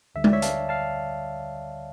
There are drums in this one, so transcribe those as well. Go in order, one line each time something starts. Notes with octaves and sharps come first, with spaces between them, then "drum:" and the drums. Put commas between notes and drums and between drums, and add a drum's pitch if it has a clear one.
D2 D3 G3 E5
D5, drum: tom G#3
C#5 E5
F5 A5, drum: hi-hat
F5 A5